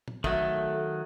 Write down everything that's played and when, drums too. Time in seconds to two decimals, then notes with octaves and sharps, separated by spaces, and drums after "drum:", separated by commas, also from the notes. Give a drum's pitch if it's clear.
0.08 drum: tom A#2
0.24 D#3 F#3 A3, drum: kick